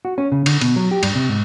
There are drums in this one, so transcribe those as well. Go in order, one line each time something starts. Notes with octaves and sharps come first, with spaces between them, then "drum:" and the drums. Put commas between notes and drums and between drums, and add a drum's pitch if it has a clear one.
F#4
C#4
C#3
D3, drum: cymbal
B2, drum: cymbal
F#3
G4
G2, drum: cymbal
C3
G#2